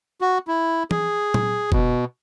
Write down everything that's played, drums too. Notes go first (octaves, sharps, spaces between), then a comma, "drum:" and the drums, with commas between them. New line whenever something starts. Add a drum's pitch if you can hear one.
F#4
E4
G#4, drum: tom E3
drum: tom
B2, drum: kick